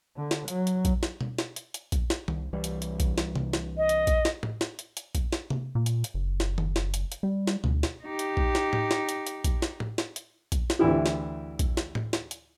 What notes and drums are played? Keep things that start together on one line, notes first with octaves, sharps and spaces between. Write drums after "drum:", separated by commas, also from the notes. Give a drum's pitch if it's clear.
D3
drum: snare
F#3, drum: hi-hat
drum: hi-hat
drum: kick A#1, hi-hat
drum: snare
drum: tom B2
drum: snare
drum: hi-hat
drum: hi-hat
drum: kick A#1, hi-hat
drum: snare
C2, drum: tom D#3
C2 E3 G3
drum: hi-hat
drum: hi-hat
drum: kick A#1, hi-hat
drum: snare
drum: tom C3
drum: snare
D#5
drum: hi-hat
drum: kick A#1, hi-hat
drum: snare
drum: tom A2
drum: snare
drum: hi-hat
drum: hi-hat
drum: kick A#1, hi-hat
drum: snare
drum: tom C3
A#2
drum: hi-hat
drum: hi-hat
F#1
drum: snare
drum: tom D#3
drum: snare
drum: hi-hat
drum: hi-hat
G3
drum: snare
D2, drum: tom B2
drum: snare
D#4 G4
drum: hi-hat
drum: kick A#1
drum: snare
drum: tom A2
drum: snare
drum: hi-hat
drum: hi-hat
drum: kick A#1, hi-hat
drum: snare
drum: tom A2
drum: snare
drum: hi-hat
drum: kick A#1, hi-hat
drum: snare
D2 E3 E4 G4
drum: snare
drum: kick A#1, hi-hat
drum: snare
drum: tom A2
drum: snare
drum: hi-hat